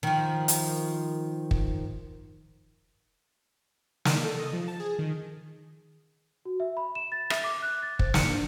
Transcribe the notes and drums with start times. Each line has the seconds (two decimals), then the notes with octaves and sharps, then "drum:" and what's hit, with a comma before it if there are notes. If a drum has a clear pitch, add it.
0.03 D#3 F3
0.48 drum: hi-hat
1.51 drum: kick
4.05 D#3, drum: snare
4.24 A4
4.39 D#5
4.53 F3
4.68 A5
4.80 G#4
4.99 D#3
6.45 F#4
6.60 E5
6.77 B5
6.95 E7
7.12 A6
7.30 E5, drum: rim click
7.44 D6
7.62 F#6
7.83 A6
7.99 C5, drum: kick
8.14 C#7, drum: snare
8.27 D4